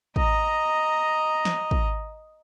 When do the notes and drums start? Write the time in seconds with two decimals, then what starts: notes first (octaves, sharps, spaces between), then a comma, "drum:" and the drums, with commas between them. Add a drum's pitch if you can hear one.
0.16 D#5 A#5, drum: kick
1.45 drum: snare
1.71 drum: kick